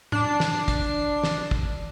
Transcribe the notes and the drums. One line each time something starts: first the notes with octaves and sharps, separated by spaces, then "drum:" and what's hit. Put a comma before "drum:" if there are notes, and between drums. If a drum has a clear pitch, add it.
D4 C7, drum: tom
drum: snare
drum: kick, hi-hat
drum: snare
drum: kick